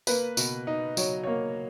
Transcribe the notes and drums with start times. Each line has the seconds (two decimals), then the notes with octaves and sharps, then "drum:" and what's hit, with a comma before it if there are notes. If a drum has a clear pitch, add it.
0.07 A#3 B4, drum: tambourine
0.37 B2, drum: tambourine
0.67 D#4
0.97 F#3 C#5, drum: tambourine
1.23 A#3 C#5